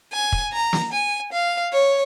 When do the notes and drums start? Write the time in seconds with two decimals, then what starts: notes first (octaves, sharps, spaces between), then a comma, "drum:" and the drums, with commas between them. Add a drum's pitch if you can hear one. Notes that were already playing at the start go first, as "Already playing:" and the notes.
0.13 G#5
0.32 drum: kick
0.53 A#5
0.73 drum: snare
0.92 G#5
1.33 F5
1.73 C#5